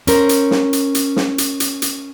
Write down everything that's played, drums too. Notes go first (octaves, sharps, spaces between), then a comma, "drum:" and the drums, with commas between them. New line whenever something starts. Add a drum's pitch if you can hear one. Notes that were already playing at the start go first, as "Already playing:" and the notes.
C#4 A#4 C5, drum: hi-hat
drum: hi-hat
drum: snare
drum: hi-hat
drum: hi-hat
drum: snare
drum: hi-hat
drum: hi-hat
drum: hi-hat